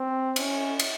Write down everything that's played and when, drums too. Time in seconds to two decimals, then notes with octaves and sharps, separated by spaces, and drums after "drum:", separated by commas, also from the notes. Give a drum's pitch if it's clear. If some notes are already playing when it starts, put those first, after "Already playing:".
Already playing: C4
0.36 C#4, drum: cymbal
0.80 drum: cymbal